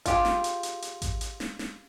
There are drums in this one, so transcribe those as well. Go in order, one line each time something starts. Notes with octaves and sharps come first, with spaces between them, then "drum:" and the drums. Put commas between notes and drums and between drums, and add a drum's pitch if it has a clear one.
F4 G4 G#4, drum: kick G#1, hi-hat
drum: snare
drum: hi-hat
drum: hi-hat
drum: hi-hat
drum: kick G#1, hi-hat
drum: hi-hat
drum: snare
drum: snare